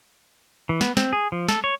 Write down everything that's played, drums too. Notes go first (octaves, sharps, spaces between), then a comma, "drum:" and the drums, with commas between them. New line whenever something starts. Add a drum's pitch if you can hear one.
E3
B3, drum: snare
C4, drum: snare
G#4
F3
A4, drum: snare
C#5